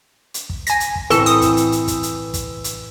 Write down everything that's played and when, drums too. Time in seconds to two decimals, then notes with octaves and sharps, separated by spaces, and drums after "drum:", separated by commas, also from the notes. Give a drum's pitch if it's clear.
0.34 drum: hi-hat
0.49 drum: kick
0.67 G#5 A#6, drum: hi-hat
0.80 drum: hi-hat
0.96 drum: kick
1.10 A2 E3 C4 A4 E6, drum: hi-hat
1.26 D#6, drum: hi-hat
1.42 drum: kick, hi-hat
1.57 drum: hi-hat
1.72 drum: hi-hat
1.88 drum: kick, hi-hat
2.03 drum: hi-hat
2.34 drum: kick, hi-hat
2.64 drum: hi-hat